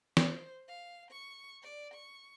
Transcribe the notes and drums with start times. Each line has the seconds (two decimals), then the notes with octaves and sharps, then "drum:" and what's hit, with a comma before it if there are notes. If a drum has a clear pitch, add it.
0.17 C5, drum: snare
0.68 F5
1.11 C#6
1.62 D5
1.94 C#6